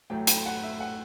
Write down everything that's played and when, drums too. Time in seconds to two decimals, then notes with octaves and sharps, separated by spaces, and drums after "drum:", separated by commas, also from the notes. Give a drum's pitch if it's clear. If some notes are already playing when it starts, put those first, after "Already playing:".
0.10 A1 A2 F#3 A3 G5
0.27 G5, drum: hi-hat
0.46 F#5
0.63 E5
0.80 F#5